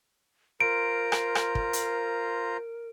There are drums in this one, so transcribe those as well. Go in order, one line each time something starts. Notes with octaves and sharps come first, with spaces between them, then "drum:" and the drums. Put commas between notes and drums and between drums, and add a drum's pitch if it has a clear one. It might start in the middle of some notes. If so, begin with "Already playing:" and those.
F4 A#4 C5 A#5 D7
drum: rim click
drum: rim click
drum: kick
drum: hi-hat